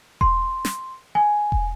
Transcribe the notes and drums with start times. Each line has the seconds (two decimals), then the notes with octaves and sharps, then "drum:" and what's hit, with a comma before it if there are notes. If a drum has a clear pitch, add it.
0.21 C6, drum: kick E1
0.65 drum: snare
1.15 G#5
1.52 drum: kick E1